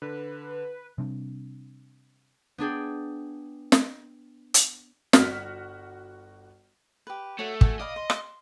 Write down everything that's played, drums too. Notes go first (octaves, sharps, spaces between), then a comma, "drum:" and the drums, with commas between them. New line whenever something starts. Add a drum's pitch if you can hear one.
D3 B4
C3 G3 C4 D4
B3 D4 G#4 G5
drum: snare
drum: hi-hat
G1 F#4 F6 B6, drum: snare
G4 B4
A3 F#4 C#5
F#4 A4 G#5, drum: kick
D5 D#5 F5 B5
C6
C6, drum: rim click